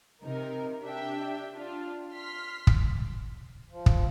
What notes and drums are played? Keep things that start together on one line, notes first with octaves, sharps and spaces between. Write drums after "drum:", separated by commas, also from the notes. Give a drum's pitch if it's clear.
C3 D#4 A#4
D4 G4 E5 G5
D4 F4
C6 F6 B6
drum: kick
F3
drum: kick